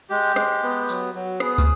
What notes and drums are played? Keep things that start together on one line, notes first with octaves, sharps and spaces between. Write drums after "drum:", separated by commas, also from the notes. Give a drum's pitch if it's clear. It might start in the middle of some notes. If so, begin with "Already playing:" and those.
G#3 G4
G#3, drum: rim click
B3
F#3, drum: tambourine
F#3
B3 G#4, drum: rim click
drum: kick, tambourine